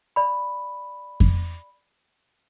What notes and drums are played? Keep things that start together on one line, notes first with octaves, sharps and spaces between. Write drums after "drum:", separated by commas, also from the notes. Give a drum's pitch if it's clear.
D5 B5
drum: kick F2